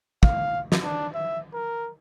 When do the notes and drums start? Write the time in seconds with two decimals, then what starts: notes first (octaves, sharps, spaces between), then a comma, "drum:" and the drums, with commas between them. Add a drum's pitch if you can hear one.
0.23 F5, drum: kick
0.72 drum: snare
0.83 D4
1.15 E5
1.54 A#4